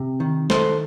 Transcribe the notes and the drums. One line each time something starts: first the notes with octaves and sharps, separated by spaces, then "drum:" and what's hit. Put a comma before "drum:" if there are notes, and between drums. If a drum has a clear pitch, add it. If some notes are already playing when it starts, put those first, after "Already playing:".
Already playing: C3
D#3
D#3 A4 C5, drum: snare